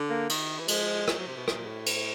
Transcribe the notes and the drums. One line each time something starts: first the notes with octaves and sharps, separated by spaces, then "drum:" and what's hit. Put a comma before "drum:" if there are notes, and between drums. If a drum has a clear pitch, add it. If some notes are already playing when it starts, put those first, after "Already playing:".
Already playing: D3
A#3
D#3, drum: cymbal
E3
F3 G#3, drum: cymbal
F#3, drum: rim click
F#3
C3
B2
A#2, drum: rim click
A2
drum: cymbal